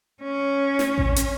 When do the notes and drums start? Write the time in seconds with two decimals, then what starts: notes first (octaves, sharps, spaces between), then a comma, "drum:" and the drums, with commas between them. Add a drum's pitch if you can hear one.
0.23 C#4
0.79 drum: snare
0.98 drum: kick A1
1.16 drum: hi-hat